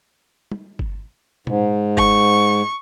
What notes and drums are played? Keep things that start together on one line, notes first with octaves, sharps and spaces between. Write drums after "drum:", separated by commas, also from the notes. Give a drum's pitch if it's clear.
drum: tom
drum: kick G1
G#2, drum: tom A#2
C#6, drum: kick G1